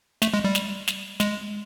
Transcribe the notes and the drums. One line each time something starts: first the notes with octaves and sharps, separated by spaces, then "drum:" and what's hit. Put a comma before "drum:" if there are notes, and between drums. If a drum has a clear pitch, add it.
A3, drum: snare
G#3
G3
drum: snare
drum: snare
G#3, drum: snare